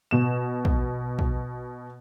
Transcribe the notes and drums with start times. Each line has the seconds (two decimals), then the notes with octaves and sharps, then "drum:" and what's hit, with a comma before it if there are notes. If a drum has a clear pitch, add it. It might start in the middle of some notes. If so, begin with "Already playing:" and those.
0.11 B2 E7
0.65 drum: kick
1.19 drum: kick